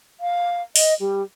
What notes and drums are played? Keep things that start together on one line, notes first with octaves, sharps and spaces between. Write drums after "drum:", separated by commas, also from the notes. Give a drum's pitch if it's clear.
F5
D#5, drum: open hi-hat
G3